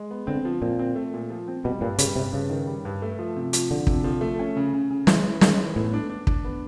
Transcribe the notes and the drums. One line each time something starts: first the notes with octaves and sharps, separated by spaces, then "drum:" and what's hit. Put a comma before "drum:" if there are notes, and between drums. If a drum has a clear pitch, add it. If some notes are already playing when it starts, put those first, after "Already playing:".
Already playing: G#3
B3
D3 C4
F3
A#2 C4
C4
A3
A#2
F3
C4
B2 G3
G2 A#2
C#3 G3, drum: hi-hat
G2 C3
G2 C#3
D#3
G3
G2
A3
F3
C3
F3, drum: hi-hat
D3 F3
C3, drum: kick
F3
A3
C#4
C#3
C#3
C#3
E3 G#3, drum: snare
E3
D#3 G#3, drum: snare
E3
A2 B3
D4
D4
D4, drum: kick
B3